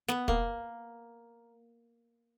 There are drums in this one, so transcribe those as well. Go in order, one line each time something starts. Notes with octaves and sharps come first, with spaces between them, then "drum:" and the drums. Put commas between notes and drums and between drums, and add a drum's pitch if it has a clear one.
B3, drum: snare
A#3, drum: kick